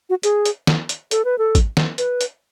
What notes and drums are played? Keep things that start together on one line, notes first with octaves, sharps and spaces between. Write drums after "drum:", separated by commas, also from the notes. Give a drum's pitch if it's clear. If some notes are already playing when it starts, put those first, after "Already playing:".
F#4
G#4, drum: hi-hat
drum: hi-hat
drum: snare D#3
drum: hi-hat
A4, drum: hi-hat
B4
A4
drum: kick G#1, hi-hat
drum: snare D#3
B4, drum: hi-hat
drum: hi-hat